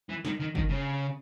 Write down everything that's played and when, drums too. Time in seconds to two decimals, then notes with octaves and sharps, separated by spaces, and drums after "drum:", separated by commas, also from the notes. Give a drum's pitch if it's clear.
0.09 E3
0.25 D#3, drum: snare
0.40 D#3
0.55 D#3, drum: kick
0.70 C#3